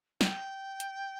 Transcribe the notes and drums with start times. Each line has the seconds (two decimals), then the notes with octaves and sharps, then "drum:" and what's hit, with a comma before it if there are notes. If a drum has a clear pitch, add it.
0.21 G5, drum: snare
0.80 drum: hi-hat